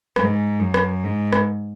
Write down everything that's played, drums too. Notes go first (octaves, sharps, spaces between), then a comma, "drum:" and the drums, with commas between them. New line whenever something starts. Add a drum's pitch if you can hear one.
G#2, drum: rim click
F#2
drum: rim click
G#2
drum: rim click